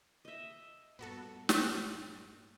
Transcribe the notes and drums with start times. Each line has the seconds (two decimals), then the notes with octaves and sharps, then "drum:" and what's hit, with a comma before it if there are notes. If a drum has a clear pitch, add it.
0.25 D#5 E5
0.99 G2 A#2 B3 F#4 A4
1.49 drum: snare